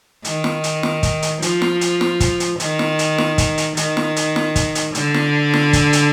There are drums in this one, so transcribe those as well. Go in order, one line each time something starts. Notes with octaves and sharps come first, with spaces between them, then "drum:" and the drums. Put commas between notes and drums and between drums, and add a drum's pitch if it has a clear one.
D#3, drum: hi-hat
drum: snare
drum: hi-hat
drum: snare
drum: kick, hi-hat
drum: hi-hat
F3, drum: hi-hat
drum: snare
drum: hi-hat
drum: snare
drum: kick, hi-hat
drum: hi-hat
D#3, drum: hi-hat
drum: snare
drum: hi-hat
drum: snare
drum: kick, hi-hat
drum: hi-hat
D#3, drum: hi-hat
drum: snare
drum: hi-hat
drum: snare
drum: kick, hi-hat
drum: hi-hat
D3, drum: hi-hat
drum: snare
drum: snare
drum: kick, hi-hat
drum: hi-hat